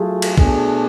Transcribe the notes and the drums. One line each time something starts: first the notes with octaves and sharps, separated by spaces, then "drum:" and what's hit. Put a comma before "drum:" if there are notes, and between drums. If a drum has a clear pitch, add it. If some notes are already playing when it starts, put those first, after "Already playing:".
Already playing: F#3 A3 F4 G#4
drum: cymbal
B2 A3 D4 G#4, drum: kick